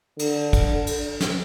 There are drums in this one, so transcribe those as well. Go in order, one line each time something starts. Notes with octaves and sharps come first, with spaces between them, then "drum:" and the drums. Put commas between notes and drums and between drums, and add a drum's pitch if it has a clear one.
D3, drum: cymbal
drum: kick, cymbal
drum: cymbal
drum: snare